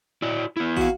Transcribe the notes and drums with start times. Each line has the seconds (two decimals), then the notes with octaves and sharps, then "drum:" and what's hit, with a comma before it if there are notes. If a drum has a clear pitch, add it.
0.22 E4 F#4 D5
0.57 B3 E4
0.77 F#4 F5, drum: kick